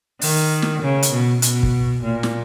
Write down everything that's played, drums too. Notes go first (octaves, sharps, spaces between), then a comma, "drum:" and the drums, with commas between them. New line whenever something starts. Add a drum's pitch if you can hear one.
D#3, drum: open hi-hat
drum: snare
C#3
drum: hi-hat
B2
B2, drum: hi-hat
drum: kick
A#2
drum: snare